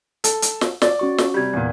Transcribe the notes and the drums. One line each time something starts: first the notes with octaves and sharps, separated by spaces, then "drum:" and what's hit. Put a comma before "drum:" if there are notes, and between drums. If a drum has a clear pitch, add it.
A4, drum: hi-hat
drum: hi-hat
drum: snare
D5, drum: snare
C#4 F#4 C#6
drum: snare
C3 G3 G6 G#6
E2 A#2